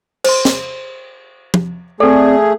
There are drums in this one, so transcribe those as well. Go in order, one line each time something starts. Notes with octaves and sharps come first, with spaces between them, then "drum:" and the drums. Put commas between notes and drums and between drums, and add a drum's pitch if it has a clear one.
C5 C6, drum: cymbal
drum: snare
drum: tom
A3 C4 G#4 A4 D5